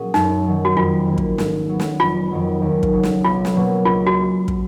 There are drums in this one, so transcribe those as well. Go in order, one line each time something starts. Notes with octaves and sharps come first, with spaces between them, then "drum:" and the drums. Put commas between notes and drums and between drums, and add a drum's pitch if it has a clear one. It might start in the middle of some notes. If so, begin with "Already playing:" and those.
Already playing: A#2 F#3 A#3 C#4 G#4
F#2 D#4, drum: snare
D#3 F#3 C#4
F#4
F2 F4
D#3 A#3
drum: kick
G#2, drum: snare
F#3 B3
drum: snare
F1 F4
F2 D#3 F#3
D#2
drum: kick
C#3 F#3
drum: snare
B1 F4
drum: snare
B2 F#3 A#3
C#2 F4
F#4
drum: kick